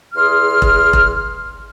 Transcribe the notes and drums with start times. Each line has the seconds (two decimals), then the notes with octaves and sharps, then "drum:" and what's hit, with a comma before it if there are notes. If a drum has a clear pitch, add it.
0.15 E2 G#4 C6 F6
0.62 drum: kick E1
0.93 drum: kick E1